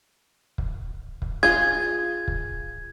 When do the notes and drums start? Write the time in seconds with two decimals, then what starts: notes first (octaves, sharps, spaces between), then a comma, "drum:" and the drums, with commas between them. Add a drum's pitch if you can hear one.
0.58 drum: kick
1.22 drum: kick
1.43 F4 G#4 G#6
2.28 drum: kick